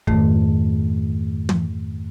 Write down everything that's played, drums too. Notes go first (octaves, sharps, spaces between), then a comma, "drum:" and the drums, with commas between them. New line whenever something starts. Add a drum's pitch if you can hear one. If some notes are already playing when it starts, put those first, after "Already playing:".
F2 G#2 D#3 A3, drum: kick
drum: tom